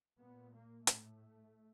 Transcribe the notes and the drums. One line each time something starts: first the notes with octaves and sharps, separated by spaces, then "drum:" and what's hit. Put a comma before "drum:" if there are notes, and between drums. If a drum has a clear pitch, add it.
A#2 B3
A#3
A2 A3, drum: hi-hat